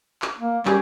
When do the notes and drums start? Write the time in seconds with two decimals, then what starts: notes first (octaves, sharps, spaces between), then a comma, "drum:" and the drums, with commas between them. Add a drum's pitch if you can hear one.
0.22 drum: clap
0.38 A#3
0.65 G3 C#4 G4 G#4, drum: clap